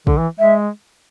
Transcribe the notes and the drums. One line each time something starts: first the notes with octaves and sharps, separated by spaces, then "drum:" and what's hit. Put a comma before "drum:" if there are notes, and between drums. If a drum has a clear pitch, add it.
D3, drum: kick
E3
G#3 E5